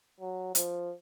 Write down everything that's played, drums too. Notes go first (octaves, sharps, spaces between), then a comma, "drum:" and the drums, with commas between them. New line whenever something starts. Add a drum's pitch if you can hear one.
F#3
F3, drum: hi-hat